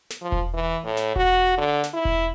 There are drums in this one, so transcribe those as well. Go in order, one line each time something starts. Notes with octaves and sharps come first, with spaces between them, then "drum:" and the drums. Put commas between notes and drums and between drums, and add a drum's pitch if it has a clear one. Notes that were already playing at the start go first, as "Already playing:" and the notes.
drum: snare
F3
drum: kick E1
E3
A2
drum: snare
F#4, drum: kick E1
D3
drum: snare
E4
drum: kick E1